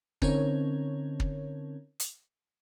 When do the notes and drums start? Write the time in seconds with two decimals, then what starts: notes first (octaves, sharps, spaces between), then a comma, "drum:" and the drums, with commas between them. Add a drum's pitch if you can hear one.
0.22 D3 C4 C#4 D#4 A#4 C#5, drum: kick
1.20 drum: kick
2.00 drum: hi-hat